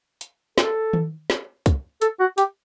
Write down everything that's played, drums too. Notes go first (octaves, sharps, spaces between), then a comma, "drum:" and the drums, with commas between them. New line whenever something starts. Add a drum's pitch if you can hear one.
drum: hi-hat
A4, drum: snare
drum: tom D#3
drum: snare
drum: kick, hi-hat
A4, drum: hi-hat
F#4
G4, drum: hi-hat